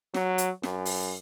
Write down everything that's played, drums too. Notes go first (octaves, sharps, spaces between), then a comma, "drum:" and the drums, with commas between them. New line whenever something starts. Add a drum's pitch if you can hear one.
F#3, drum: snare
drum: hi-hat
F#2, drum: snare
drum: open hi-hat